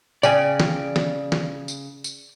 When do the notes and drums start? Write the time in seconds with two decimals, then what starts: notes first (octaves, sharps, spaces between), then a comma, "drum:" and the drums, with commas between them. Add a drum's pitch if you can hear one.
0.23 C#3 D5 G5 G#5, drum: tambourine
0.60 drum: snare
0.96 drum: snare
1.32 drum: snare
1.68 drum: tambourine
2.04 drum: tambourine